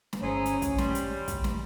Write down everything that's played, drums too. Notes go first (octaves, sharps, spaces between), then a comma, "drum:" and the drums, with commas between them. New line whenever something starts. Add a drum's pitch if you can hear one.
drum: snare
G1 C#4 D#4 E4 G#4 C5
drum: hi-hat
drum: kick, hi-hat
G3 C6, drum: snare
drum: hi-hat
drum: kick, hi-hat
drum: snare